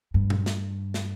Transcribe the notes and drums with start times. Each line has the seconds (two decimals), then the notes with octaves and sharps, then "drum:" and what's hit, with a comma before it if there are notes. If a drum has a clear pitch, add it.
0.14 G2
0.30 drum: tom A#2
0.46 drum: snare
0.94 drum: snare